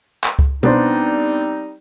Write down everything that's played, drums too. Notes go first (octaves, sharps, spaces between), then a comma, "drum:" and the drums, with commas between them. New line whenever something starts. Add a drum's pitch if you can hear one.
drum: clap
drum: kick C#2
G3 B3 C4 D4 D#4 C5, drum: tom B2